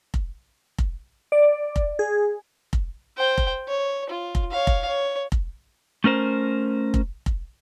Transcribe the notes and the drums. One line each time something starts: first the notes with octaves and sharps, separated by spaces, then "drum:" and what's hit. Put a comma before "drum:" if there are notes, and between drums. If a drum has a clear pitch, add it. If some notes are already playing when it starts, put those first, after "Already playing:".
drum: kick F1
drum: kick F1
D5
drum: kick F1
G#4
drum: kick F1
C5 G5
drum: kick F1
C#5
F4
drum: kick F1
C#5 F5
drum: kick F1
C#5
drum: kick F1
A3 C#4 A#4 C5
drum: kick F1
drum: kick F1